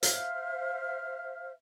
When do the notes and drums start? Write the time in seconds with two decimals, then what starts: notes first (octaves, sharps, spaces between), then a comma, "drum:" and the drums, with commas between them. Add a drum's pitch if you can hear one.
0.03 C5 E5 F5 F6, drum: hi-hat